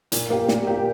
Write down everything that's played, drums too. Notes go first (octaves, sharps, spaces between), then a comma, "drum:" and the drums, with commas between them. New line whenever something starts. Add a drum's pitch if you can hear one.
A#2, drum: hi-hat
A#3 G4
A#2, drum: snare
A#3 G4